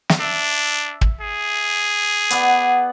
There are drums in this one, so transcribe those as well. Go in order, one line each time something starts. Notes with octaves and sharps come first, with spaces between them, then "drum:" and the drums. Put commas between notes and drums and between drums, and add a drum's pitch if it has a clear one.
drum: snare
D4 E5
drum: kick
G#4
B3 D5 F#5, drum: hi-hat